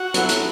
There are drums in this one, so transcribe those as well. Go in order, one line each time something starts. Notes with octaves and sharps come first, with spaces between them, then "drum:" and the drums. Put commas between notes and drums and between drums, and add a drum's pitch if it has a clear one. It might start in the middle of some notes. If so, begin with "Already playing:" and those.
Already playing: F#4
F#3 B3 E4 A4, drum: hi-hat
drum: hi-hat